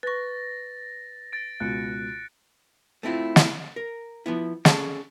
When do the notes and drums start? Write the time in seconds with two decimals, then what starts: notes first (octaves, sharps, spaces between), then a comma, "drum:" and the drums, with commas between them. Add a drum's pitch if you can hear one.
0.03 B4 C#6 A6 A#6
1.33 A6 D7
1.60 C#2 B2 F#6 C#7
3.03 A3 C4 E4 F4
3.36 drum: snare
3.76 A#4
4.26 F3 B3 E4
4.65 C#4 G#4 A4 D5 A5, drum: snare